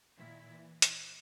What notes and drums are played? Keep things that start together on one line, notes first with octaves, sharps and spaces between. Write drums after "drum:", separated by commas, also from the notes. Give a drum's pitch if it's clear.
A#2 D#3 E4 E5
E3
drum: hi-hat